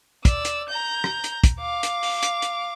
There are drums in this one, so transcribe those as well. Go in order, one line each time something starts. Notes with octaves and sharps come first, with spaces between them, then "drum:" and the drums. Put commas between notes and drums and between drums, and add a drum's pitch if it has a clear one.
D5 E6, drum: kick, hi-hat
drum: hi-hat
A#5 G6
drum: rim click
drum: hi-hat
drum: kick, hi-hat
F5 D6
drum: hi-hat
drum: open hi-hat
drum: hi-hat
drum: hi-hat